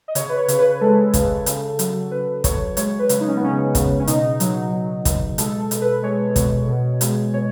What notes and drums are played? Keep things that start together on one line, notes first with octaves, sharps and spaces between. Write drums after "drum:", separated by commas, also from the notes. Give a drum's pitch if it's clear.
D#5
C#3 C#5, drum: hi-hat
B4
C#5
C#3, drum: hi-hat
B4
G#3 A4
C#3, drum: kick, hi-hat
C#3, drum: hi-hat
F#3, drum: hi-hat
C#3 B4
F#3 C#5, drum: kick, hi-hat
G#3 C#5, drum: hi-hat
B4
C#3, drum: hi-hat
D#4
C#4
B3
C#3 C#4
C#3, drum: kick, hi-hat
C#4
B2 D#4, drum: hi-hat
F#3, drum: hi-hat
F#3
B2, drum: kick, hi-hat
G#3 A4, drum: hi-hat
A4
B2, drum: hi-hat
B4
G#3 C#5
B2, drum: kick, hi-hat
B2
G#3, drum: hi-hat
B2 C#5